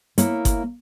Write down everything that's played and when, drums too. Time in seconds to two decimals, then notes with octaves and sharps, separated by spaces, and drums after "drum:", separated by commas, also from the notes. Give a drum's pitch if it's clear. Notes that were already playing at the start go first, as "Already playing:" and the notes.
0.18 A#3 E4 C#5, drum: hi-hat
0.45 drum: kick G1, hi-hat